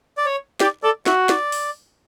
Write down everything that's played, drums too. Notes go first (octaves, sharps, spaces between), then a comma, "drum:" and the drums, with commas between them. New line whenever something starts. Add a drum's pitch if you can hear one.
D5
C#5
G4 D5, drum: snare
A4 D5
F#4 E5, drum: snare
D5, drum: snare
drum: open hi-hat